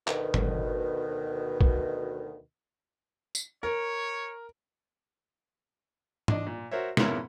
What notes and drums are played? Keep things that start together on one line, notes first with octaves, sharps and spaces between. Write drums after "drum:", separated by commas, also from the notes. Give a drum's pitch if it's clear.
D2 B2 D#3, drum: clap
drum: tom
drum: kick
drum: tambourine
A#4 C#5
D4 D5 D#5, drum: tom G#2
A#2
F#4 A#4 C5 C#5 E5
F2 G#2 B2 C#4 E4 A#4, drum: snare